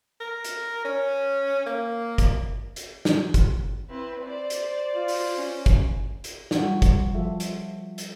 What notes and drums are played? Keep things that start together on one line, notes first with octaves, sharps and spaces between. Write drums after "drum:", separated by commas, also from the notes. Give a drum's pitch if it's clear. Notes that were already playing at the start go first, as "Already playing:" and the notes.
A#4
drum: hi-hat
C#4
A#3
drum: kick, hi-hat
drum: hi-hat
drum: snare
drum: kick, hi-hat
C4 E4 B4
C5 D5
drum: hi-hat
F4
drum: open hi-hat
C#4
drum: kick, hi-hat
drum: hi-hat
G3 F4 F#4, drum: snare
drum: kick, hi-hat
F3 F4 A4 E5
drum: hi-hat
drum: hi-hat